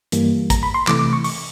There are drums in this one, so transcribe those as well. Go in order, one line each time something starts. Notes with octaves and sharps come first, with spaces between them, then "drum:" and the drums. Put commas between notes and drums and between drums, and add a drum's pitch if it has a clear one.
G2 E3 G3 A#3, drum: hi-hat
A#5, drum: kick, hi-hat
B5
C6
C3 E3 A3 D6, drum: clap
D6
C#6
C#6, drum: open hi-hat